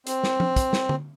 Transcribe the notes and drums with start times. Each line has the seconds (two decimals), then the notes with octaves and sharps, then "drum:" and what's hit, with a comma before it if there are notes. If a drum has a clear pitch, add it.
0.07 C4, drum: hi-hat
0.23 drum: snare
0.40 drum: tom F3
0.56 drum: kick, hi-hat
0.73 drum: snare
0.89 drum: tom D3